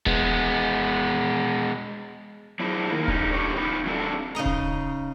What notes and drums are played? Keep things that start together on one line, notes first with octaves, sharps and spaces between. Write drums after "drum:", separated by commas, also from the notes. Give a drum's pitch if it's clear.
G#3 B3, drum: kick D#1
F#3 D4 E4 G#4 C5 D#5
D#3 A#3
G2 C#4 D#4, drum: kick D#1
D3 G4 C#5
C#4 D#4 B4
F#3 G#3 C4 D4 F4 A4
C#3 D#4 D#5 A#5
drum: kick D#1